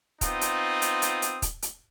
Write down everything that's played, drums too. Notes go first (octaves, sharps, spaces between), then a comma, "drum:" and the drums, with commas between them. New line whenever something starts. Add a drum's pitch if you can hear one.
B3 C4 D#4 F4 D#6, drum: kick, hi-hat
drum: hi-hat
drum: hi-hat
drum: hi-hat
drum: hi-hat
drum: kick, hi-hat
drum: hi-hat